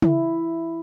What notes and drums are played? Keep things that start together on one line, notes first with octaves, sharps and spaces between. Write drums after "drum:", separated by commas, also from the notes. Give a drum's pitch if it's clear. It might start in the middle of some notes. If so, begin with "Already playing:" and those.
E4, drum: tom C#3